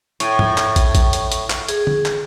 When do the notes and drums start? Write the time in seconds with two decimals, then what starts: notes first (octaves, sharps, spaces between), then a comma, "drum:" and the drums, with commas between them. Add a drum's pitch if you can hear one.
0.20 A2 C#6, drum: hi-hat
0.39 drum: tom
0.58 drum: clap
0.76 drum: kick, hi-hat
0.95 drum: kick, hi-hat
1.13 drum: hi-hat
1.32 drum: hi-hat
1.50 drum: clap
1.69 G#4, drum: hi-hat
1.87 drum: tom
2.05 drum: clap